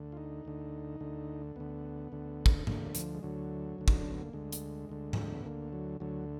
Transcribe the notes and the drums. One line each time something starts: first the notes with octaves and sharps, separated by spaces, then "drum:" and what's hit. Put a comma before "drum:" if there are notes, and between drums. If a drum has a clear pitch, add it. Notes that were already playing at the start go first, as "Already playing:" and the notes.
Already playing: D2 D3
F4
D#4
D2 D3
D2 D3
D2 D3 B3
D2 D3
drum: kick
D2 D3 A#3, drum: tom G#2
F3, drum: hi-hat
G#3
D2 D3 F#3
D2 D3
D#4, drum: kick
D4
B3
A#3
D2 D3 G#3
drum: hi-hat
D2 D3
drum: tom G#2
B3
D2 D3 A#3
F#3
D2 D3 F#3